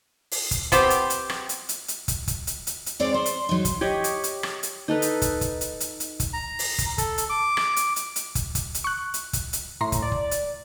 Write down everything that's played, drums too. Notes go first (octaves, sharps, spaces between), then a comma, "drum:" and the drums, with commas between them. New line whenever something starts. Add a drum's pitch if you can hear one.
drum: open hi-hat
drum: kick, hi-hat
B3 C4 G4, drum: kick, hi-hat
drum: hi-hat
drum: hi-hat
drum: rim click
drum: hi-hat
drum: hi-hat
drum: hi-hat
drum: kick, hi-hat
drum: kick, hi-hat
drum: hi-hat
drum: hi-hat
drum: hi-hat
G#3 C4 C#5 D5
C5 C6
drum: hi-hat
F#3 D#4
drum: kick, hi-hat
G4 C#5 D#5 B5
drum: hi-hat
drum: hi-hat
drum: rim click
drum: hi-hat
D#4 A4 B4
drum: hi-hat
drum: kick, hi-hat
drum: kick, hi-hat
drum: hi-hat
drum: hi-hat
drum: hi-hat
drum: kick, hi-hat
A#5
drum: open hi-hat
drum: kick, hi-hat
A4, drum: kick, hi-hat
drum: hi-hat
D6
drum: rim click
drum: hi-hat
drum: hi-hat
drum: hi-hat
drum: kick, hi-hat
drum: kick, hi-hat
drum: hi-hat
C#6 F#6
drum: hi-hat
drum: kick, hi-hat
drum: hi-hat
A2 A#5 C6
drum: kick, hi-hat
D5
drum: kick
drum: hi-hat